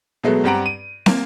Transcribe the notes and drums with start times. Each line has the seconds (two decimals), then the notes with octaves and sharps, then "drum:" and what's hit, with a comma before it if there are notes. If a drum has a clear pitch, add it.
0.23 B2 F#3 G#3 A3 B3
0.44 G2 C4 G4 F#5 A#5 D7
0.66 D#7
1.06 A#3, drum: snare